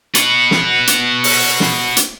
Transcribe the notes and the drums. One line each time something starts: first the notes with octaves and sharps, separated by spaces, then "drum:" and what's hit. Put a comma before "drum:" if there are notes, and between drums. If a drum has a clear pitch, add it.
F#4 B4, drum: hi-hat
drum: snare
drum: hi-hat
drum: open hi-hat
drum: snare
drum: hi-hat